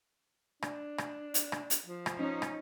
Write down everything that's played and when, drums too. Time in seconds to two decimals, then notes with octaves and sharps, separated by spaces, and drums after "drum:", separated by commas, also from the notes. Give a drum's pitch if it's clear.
0.62 D4, drum: rim click
0.98 drum: rim click
1.34 drum: hi-hat
1.52 drum: rim click
1.70 drum: hi-hat
1.85 F3
2.06 drum: rim click
2.16 C#4 D#4
2.42 drum: rim click